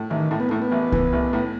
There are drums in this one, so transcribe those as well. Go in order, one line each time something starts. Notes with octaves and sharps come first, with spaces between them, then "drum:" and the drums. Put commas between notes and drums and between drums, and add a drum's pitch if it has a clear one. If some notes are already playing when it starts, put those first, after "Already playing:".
Already playing: A2
A1 D#3
A2 A3
B3
A2 A3
B3
A1
E3, drum: kick C2
A1
A2